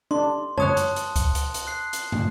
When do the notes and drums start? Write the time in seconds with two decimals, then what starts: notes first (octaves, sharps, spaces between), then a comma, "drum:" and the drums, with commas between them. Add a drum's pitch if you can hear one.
0.11 D4 C6
0.58 C#5 A5 D#6 F#6, drum: tom
0.77 drum: hi-hat
0.96 drum: hi-hat
1.16 drum: kick C#2, hi-hat
1.35 drum: hi-hat
1.54 drum: hi-hat
1.67 F#6 C7
1.93 drum: hi-hat
2.12 drum: tom